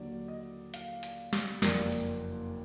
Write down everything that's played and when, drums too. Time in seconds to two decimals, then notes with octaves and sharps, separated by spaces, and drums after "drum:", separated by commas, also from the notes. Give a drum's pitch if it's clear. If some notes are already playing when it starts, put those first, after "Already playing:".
Already playing: D#2 D3 F#3 D5
0.28 D#5
0.74 F5, drum: hi-hat
1.03 drum: hi-hat
1.33 drum: snare
1.62 F#1 F2 F3 A#3 D4, drum: snare
1.92 drum: open hi-hat